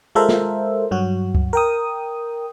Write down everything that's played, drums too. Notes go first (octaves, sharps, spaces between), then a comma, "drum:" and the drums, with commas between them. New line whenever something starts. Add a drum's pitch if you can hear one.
G#3 F4 A4 A#4 C5 E5
drum: snare
G2 F#3 F#4
drum: kick C#2
A#4 G5 D#6